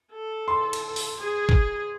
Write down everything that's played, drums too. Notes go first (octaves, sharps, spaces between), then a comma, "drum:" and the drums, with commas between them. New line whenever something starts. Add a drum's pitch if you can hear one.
A4
C6
drum: cymbal
drum: open hi-hat
G#4
drum: kick G#1